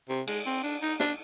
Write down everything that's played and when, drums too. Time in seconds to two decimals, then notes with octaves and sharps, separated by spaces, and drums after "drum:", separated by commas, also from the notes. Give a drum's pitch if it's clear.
0.09 C3
0.28 G#3, drum: cymbal
0.46 C4
0.63 D4
0.82 D#4
1.00 D4, drum: snare